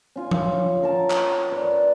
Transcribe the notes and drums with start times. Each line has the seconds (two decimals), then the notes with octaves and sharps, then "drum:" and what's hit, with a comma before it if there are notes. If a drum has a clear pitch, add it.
0.16 C#4 F4 G#5
0.31 drum: tom F3
0.83 A#4 A5
1.10 drum: clap
1.52 B4 D5